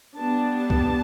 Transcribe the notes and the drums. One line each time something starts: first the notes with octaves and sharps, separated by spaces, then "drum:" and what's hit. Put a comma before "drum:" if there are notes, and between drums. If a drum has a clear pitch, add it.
G3 B3 D4 A5
A5
drum: kick